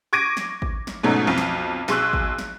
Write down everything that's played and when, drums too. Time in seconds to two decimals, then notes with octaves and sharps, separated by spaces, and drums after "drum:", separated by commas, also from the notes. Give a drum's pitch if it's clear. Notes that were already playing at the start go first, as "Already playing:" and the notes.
0.13 C#6 D6 G#6 A#6 D7 D#7
0.37 drum: snare
0.62 drum: kick
0.87 drum: snare
1.03 G#2 B2 F#3 A3 C#4 D#4
1.27 B1 F2
1.38 drum: snare
1.88 B1 G#4 C6 C#6 E6 F#6, drum: snare
2.13 drum: kick
2.39 drum: snare